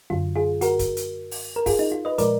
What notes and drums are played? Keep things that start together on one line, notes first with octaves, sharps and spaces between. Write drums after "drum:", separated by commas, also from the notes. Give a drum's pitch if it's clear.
F#2 D3 F#3 F4
F4 G#4
F#4 A#4, drum: hi-hat
drum: kick, hi-hat
drum: hi-hat
drum: open hi-hat
A#4
F4 G#4, drum: kick, open hi-hat
D#4
F4
B4 D#5
A#2 F3 G#3 A#4 D5, drum: hi-hat